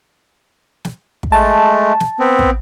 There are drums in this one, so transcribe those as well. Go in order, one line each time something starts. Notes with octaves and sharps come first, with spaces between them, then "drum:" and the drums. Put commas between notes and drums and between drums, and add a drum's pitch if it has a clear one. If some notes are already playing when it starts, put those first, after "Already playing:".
drum: snare
drum: kick
G#3 A3 A5
drum: snare
B3 C4
drum: kick